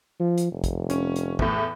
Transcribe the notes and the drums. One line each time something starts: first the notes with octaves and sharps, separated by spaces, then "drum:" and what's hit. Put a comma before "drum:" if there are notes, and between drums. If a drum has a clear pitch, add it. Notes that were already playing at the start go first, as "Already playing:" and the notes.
F3
drum: hi-hat
F1
drum: kick, hi-hat
C#4, drum: hi-hat
drum: hi-hat
E2 A2, drum: kick